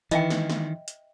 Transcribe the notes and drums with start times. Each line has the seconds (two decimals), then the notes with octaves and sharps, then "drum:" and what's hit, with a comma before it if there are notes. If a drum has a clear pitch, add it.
0.11 D#3 E3 D#5 E5 G5, drum: hi-hat
0.30 drum: snare
0.50 drum: snare
0.88 drum: hi-hat